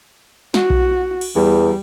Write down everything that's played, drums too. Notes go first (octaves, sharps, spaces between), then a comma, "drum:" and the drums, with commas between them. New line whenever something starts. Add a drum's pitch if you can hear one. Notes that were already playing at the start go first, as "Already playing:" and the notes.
F#4, drum: snare
drum: kick B1
drum: cymbal
E2 G3